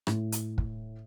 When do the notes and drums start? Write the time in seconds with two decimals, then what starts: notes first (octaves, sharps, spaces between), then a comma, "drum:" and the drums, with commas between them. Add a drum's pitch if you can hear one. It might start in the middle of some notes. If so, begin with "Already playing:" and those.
0.07 A2, drum: rim click
0.32 drum: hi-hat
0.58 drum: kick